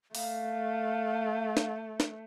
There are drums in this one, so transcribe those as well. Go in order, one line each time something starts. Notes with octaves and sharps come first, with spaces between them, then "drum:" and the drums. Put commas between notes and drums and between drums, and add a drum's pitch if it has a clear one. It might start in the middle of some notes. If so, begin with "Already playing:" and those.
A3 F5, drum: open hi-hat
drum: snare
drum: snare